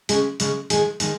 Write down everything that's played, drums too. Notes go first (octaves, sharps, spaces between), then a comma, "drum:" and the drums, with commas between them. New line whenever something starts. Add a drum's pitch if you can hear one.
C#3 G#3 C#4 G#4, drum: hi-hat
C#3 G#3 C#4 G#4, drum: hi-hat
D#3 G#3 D#4 G#4, drum: hi-hat
D#3 G#3 D#4 G#4, drum: hi-hat